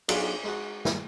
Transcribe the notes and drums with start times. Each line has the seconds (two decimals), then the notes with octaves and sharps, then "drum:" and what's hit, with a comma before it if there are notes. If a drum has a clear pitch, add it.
0.09 B1 D4 D#4 F4 F#4 G#4, drum: cymbal
0.44 G#3 D#4 F#4
0.85 drum: snare